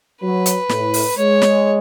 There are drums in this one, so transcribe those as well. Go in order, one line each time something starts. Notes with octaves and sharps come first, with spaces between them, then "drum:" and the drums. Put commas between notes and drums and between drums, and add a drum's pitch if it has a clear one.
F#3 B4
drum: hi-hat
A2, drum: snare
drum: open hi-hat
G#3 C#5
drum: snare